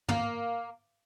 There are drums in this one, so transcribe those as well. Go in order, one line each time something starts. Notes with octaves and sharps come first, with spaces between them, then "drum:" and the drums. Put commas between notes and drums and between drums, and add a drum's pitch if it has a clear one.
A#3, drum: tom